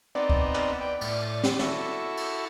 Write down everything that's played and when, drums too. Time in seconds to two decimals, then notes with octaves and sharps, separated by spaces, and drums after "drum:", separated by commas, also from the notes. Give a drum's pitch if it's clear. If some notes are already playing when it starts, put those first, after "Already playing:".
0.15 B3 C4 D#4 D5
0.30 drum: kick C#2
0.55 drum: clap
0.81 B4 G5
1.01 A2, drum: cymbal
1.43 drum: snare
1.59 E4 F#4 A4, drum: snare
2.17 drum: cymbal